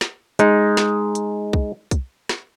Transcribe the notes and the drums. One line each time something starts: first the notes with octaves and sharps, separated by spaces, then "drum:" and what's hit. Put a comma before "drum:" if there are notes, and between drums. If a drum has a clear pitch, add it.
drum: snare
G#3 D#4, drum: hi-hat
drum: snare
drum: hi-hat
drum: kick
drum: kick, hi-hat
drum: snare